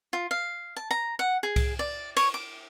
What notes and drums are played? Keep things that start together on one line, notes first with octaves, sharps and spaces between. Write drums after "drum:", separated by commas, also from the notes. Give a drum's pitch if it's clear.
F4
F5
A5
A#5
F#5
G#4
drum: kick C2, cymbal
D5
C#5, drum: cymbal
D6